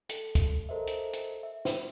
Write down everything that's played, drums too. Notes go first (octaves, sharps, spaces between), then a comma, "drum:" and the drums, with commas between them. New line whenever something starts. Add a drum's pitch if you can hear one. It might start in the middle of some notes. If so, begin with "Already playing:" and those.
A4, drum: hi-hat
drum: kick, hi-hat
A4 A#4 C5 D#5 E5
drum: hi-hat
drum: hi-hat
E5
drum: snare